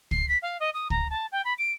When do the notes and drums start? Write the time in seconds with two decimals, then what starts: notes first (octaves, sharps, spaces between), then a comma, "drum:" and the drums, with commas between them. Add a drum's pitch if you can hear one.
0.11 C7, drum: kick
0.29 B6
0.42 F5
0.60 D#5
0.74 D#6
0.90 A#5, drum: kick
1.10 A5
1.32 G5
1.45 B5
1.58 D7